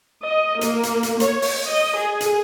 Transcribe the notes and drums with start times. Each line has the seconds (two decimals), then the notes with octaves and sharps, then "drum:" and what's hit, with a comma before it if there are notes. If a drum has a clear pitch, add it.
0.25 D#5
0.61 A#3, drum: hi-hat
0.83 drum: hi-hat
1.03 drum: hi-hat
1.20 C#5, drum: hi-hat
1.42 drum: open hi-hat
1.65 D#5
1.97 G#4
2.21 drum: hi-hat